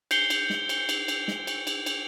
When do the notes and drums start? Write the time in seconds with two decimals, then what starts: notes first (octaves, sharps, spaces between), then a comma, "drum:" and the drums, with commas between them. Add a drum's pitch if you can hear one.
0.11 G6 C7 C#7 G7, drum: cymbal
0.30 drum: cymbal
0.50 drum: snare
0.69 drum: cymbal
0.89 drum: cymbal
1.08 drum: cymbal
1.28 drum: snare
1.47 drum: cymbal
1.67 drum: cymbal
1.86 drum: cymbal